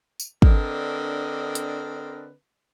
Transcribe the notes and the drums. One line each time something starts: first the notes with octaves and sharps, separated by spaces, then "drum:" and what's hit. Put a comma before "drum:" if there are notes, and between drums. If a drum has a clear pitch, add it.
drum: tambourine
D3 C4 D4 A#4 B4 D#5, drum: kick
drum: hi-hat